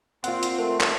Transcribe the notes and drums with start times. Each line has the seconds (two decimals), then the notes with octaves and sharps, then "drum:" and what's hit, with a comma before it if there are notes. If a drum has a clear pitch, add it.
0.24 A#2 C4 F4 F#5, drum: hi-hat
0.43 drum: hi-hat
0.58 A3 A#4
0.80 drum: clap